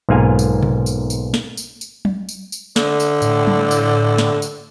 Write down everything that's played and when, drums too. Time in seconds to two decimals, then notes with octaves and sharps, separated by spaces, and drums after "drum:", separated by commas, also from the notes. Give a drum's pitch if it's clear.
0.09 B1 G#2 A#3 F4 F5 G#5
0.39 drum: tambourine
0.63 drum: tom B2
0.86 drum: tambourine
1.10 drum: tambourine
1.34 drum: snare
1.57 drum: tambourine
1.81 drum: tambourine
2.05 drum: tom F#3
2.29 drum: tambourine
2.52 drum: tambourine
2.76 D3, drum: snare
3.00 drum: tambourine
3.22 A2, drum: tambourine
3.47 drum: tom F#3
3.71 drum: tambourine
4.18 drum: snare
4.42 drum: tambourine